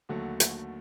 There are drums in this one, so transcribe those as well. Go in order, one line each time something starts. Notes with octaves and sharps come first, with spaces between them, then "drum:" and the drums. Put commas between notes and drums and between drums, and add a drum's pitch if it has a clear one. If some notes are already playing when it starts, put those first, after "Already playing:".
D#2 D3 F#3 A3
drum: hi-hat